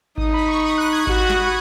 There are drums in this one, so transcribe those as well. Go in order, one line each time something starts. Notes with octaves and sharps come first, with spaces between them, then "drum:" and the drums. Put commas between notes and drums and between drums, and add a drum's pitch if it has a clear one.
D#4 D#6, drum: kick G#1
B5
C#6
D#6
F#6
G#6
F#4, drum: kick G#1
drum: snare